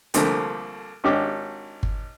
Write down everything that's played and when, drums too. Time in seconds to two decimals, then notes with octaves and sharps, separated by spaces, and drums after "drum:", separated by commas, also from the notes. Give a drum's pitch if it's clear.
0.14 C2 D3 F3 A3 A#3 C4, drum: hi-hat
1.04 G#1 C#4 D4 G4 D6
1.83 drum: kick G1